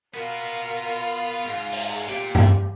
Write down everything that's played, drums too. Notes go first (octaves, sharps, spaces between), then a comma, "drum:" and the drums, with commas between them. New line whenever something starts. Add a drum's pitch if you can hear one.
B3 F4 F#4 A#4
G#2
drum: open hi-hat
A#2 G4, drum: hi-hat
drum: tom G2